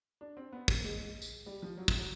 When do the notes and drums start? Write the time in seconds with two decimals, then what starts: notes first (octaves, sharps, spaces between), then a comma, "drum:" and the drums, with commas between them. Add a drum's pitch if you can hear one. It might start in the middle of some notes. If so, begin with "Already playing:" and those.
0.21 D4
0.37 C4
0.52 B3
0.68 A#3, drum: kick
0.84 G#3
0.99 G#3
1.22 drum: tambourine
1.46 G3
1.62 F3
1.77 F#3
1.88 F3, drum: kick
1.99 F#3